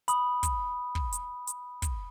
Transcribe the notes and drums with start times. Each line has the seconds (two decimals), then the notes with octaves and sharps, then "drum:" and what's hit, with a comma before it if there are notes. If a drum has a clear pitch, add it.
0.08 B5 D#6, drum: hi-hat
0.43 drum: kick, hi-hat
0.95 drum: kick
1.12 drum: hi-hat
1.47 drum: hi-hat
1.82 drum: kick, hi-hat